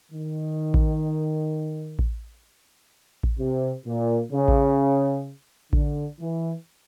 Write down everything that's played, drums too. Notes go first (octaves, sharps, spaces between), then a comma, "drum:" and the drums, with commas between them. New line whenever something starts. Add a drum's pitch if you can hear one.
D#3
drum: kick A1
drum: kick A1
drum: kick A1
C3
A#2
C#3
drum: kick A1
D3, drum: kick A1
E3